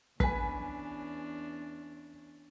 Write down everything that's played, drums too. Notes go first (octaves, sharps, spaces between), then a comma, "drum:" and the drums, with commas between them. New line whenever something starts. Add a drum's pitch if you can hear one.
E2 C#4 D4 B4 G#5 B6, drum: kick